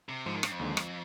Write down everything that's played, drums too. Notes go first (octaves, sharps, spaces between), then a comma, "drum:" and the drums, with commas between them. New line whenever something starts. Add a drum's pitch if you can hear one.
C3
G#2 D3 F3 G#3
D#3
G2, drum: rim click
F2
D#2 D3 G#3
drum: rim click